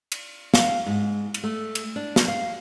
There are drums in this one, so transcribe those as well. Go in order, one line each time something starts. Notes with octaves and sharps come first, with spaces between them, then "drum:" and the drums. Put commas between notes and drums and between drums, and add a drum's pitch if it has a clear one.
drum: cymbal
F5, drum: snare
G#2
drum: cymbal
A3
drum: cymbal
D4
drum: snare
F5